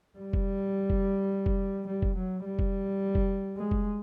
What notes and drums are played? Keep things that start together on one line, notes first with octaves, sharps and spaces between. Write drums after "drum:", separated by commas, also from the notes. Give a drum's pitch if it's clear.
G3
drum: kick F1
drum: kick F1
drum: kick F1
G3
drum: kick F1
F#3
G3
drum: kick F1
drum: kick F1
G#3
drum: kick F1